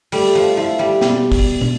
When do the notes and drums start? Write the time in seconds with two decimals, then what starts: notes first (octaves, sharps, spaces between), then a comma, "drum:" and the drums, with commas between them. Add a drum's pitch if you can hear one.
0.12 G3 A3, drum: open hi-hat
0.35 F3
0.57 F3 E4 A4 E5
0.79 G3
1.01 B2 G3, drum: snare
1.32 drum: kick, open hi-hat
1.61 drum: tom